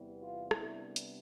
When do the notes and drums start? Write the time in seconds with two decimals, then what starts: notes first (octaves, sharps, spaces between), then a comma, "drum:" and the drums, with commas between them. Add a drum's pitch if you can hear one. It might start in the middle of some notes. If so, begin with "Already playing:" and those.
Already playing: E2 C3 E3 G3 B3
0.21 F4
0.51 C3 G3 B3 D4 E4, drum: rim click
0.96 drum: hi-hat